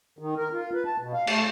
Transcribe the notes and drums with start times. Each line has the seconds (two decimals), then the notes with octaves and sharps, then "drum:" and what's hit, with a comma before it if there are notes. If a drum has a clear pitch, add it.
0.19 D#3
0.37 A#4
0.53 F4
0.74 B4
0.86 A5
0.98 B2
1.13 F5
1.27 A3, drum: cymbal